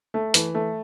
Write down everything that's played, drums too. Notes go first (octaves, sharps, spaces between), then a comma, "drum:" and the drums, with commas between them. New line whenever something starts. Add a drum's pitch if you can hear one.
A3
E3, drum: hi-hat
A3